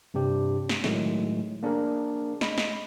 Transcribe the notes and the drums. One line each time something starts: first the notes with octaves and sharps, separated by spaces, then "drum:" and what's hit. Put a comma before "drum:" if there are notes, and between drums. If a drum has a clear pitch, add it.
G2 C3 D4 G4
drum: snare
A2 D#3 F#3 G#3 A3, drum: snare
A#3 D4 G#4 A#4
D#5 B5, drum: snare
drum: snare